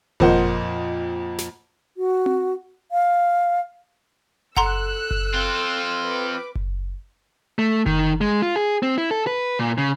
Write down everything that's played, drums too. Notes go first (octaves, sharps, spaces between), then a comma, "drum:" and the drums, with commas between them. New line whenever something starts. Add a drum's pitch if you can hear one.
F2 A#2 A#4 C5 D#5 F#5, drum: kick F#1
drum: snare
F#4
drum: tom C4
F5
A4 F#5 A#5 C6 E6 F#6, drum: kick F#1
drum: kick F#1
C4 F4
B4 D6
drum: kick F#1
A3
D#3, drum: kick F#1
G#3
F4
G#4
C4
E4
A4
B4
A#2
C#3